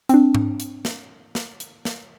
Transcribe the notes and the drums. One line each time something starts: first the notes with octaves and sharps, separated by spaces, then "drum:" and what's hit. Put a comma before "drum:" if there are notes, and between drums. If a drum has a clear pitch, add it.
C4 D4, drum: hi-hat
drum: tom G#2
drum: hi-hat
drum: snare
drum: snare
drum: hi-hat
drum: snare